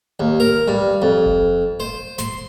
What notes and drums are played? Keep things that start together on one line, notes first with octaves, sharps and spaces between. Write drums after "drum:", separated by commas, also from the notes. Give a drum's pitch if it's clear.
D#2
A#4
G2
F2
drum: kick F#1
C5
C6, drum: snare